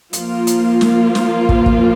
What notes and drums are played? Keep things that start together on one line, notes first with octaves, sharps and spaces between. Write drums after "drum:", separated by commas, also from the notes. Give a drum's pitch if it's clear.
F3 A#3 F4, drum: hi-hat
drum: hi-hat
drum: snare
drum: snare
drum: kick
drum: kick